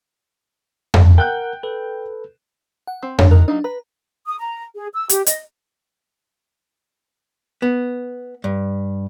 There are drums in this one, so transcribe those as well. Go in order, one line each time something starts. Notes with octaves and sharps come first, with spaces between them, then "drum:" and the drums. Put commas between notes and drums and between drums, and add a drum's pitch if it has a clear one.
drum: tom F2
A#4 F#5 G5 F#6 G6
A4 B4
F#5
C4
C4 D4 C#5 A#5, drum: tom F2
D#4 A#4 F#6
F#3 A#3 D4 D#4
B4 A#5
D#6
A#5
G#4
E6
G4, drum: hi-hat
D#5, drum: hi-hat
B3
G2